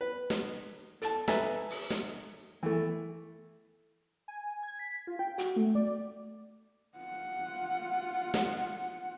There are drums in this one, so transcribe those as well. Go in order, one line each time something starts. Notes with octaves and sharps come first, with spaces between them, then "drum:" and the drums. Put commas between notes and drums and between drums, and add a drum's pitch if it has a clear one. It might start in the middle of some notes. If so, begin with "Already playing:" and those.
B4
drum: snare
A4 A5, drum: hi-hat
A4 B4 E5 G#5 A#5, drum: snare
drum: open hi-hat
drum: snare
E3 A3
G#5
G#6
B6
F4
G5
F#4, drum: hi-hat
A3
D5
F4 F#5
drum: snare